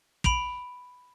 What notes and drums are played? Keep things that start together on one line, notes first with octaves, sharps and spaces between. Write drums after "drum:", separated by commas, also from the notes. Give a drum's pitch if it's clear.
B5 D7 F7, drum: kick